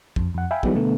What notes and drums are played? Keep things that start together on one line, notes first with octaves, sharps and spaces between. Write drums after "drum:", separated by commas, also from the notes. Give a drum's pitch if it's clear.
F2, drum: kick
F2 F#5
E5 F5 G5 G#5 B5
E3 F#3 G3 B3 D#4 G#4, drum: kick
B2 D3 G3 A3 B3